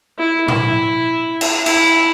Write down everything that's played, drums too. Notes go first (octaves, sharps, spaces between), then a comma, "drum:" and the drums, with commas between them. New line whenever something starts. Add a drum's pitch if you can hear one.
E4
E4, drum: tom A2
drum: cymbal
E4, drum: cymbal